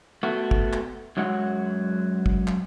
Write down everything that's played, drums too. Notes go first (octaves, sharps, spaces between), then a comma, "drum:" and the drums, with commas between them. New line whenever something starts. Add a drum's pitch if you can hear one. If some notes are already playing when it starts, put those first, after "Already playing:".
A3 B3 F#4
drum: kick
drum: clap
F#2 F#3 G#3 F#5
drum: kick
drum: clap